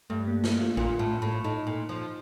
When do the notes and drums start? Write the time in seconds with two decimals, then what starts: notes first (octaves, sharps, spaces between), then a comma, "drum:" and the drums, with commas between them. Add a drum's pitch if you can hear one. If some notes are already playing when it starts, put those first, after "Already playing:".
0.10 G2 A3
0.28 A#3
0.44 A3, drum: snare
0.60 F4
0.77 A#2 F4, drum: kick
0.99 A2
1.22 A2
1.44 A2 D#4
1.67 A#2
1.89 F3